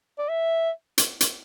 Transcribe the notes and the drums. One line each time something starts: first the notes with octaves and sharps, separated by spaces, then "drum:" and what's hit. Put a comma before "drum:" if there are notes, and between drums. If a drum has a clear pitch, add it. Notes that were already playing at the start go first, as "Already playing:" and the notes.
D5
E5
drum: hi-hat
drum: hi-hat